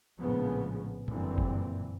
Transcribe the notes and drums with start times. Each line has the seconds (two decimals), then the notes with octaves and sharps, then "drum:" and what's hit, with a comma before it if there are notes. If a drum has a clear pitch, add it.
0.20 A#1 A2 C#3 F3 G#3 B3
1.08 F#1 G2 A#2 D3 E3 C4, drum: tom
1.38 drum: kick G1